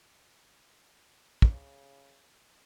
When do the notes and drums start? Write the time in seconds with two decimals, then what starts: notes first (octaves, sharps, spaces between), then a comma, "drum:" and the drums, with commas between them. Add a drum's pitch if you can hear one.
1.42 C#3, drum: kick